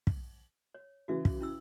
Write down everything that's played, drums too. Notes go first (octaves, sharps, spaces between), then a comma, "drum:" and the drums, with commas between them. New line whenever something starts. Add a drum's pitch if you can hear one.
drum: kick
C#5
C#3 E3 F#4 E5
drum: kick
C#4 E4 E6